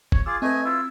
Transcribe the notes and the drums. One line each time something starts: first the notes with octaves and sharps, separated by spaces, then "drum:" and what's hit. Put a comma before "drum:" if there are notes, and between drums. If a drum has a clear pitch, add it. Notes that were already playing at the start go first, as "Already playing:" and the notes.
C#5, drum: kick
F4 G#4 D6 E6
A3 C4 B4 D#5 G#5
E4 F4 E6